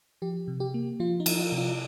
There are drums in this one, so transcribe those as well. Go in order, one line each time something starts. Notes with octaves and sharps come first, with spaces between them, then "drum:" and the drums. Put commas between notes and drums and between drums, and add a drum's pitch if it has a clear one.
F3 G4
C3
G4
A#3
F3 F4
D#4
F3, drum: cymbal
F4
C3
F4